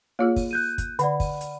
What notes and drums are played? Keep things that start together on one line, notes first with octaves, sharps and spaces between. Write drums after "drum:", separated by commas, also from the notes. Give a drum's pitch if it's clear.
A#3 F4 G#4 C#5
drum: kick, open hi-hat
F#6 G6 D#7
drum: kick, hi-hat
D3 D5 F#5 B5, drum: hi-hat
drum: kick, open hi-hat
drum: hi-hat